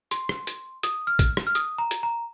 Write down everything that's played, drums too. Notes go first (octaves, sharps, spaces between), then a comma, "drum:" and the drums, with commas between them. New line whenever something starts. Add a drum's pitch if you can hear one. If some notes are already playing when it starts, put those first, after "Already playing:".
C6, drum: hi-hat
drum: rim click
drum: hi-hat
D#6, drum: hi-hat
F6
drum: kick A1, hi-hat
drum: rim click
F6
D#6, drum: hi-hat
A#5
drum: hi-hat
A#5